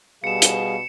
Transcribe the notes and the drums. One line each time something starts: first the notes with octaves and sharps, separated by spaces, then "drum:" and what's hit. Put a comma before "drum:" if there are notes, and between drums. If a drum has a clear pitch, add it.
B2 G3 G#4 F5 C#7 E7
drum: hi-hat